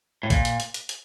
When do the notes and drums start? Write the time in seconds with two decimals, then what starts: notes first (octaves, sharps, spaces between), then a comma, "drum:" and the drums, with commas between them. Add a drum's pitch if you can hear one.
0.23 A2
0.30 A#2, drum: kick, hi-hat
0.45 drum: hi-hat
0.60 drum: hi-hat
0.74 drum: hi-hat
0.89 drum: hi-hat